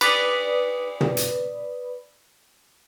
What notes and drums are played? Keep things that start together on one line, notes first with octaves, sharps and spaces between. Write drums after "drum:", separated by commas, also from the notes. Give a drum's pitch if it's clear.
B4 D5 B5 D#6, drum: cymbal
drum: tom
drum: hi-hat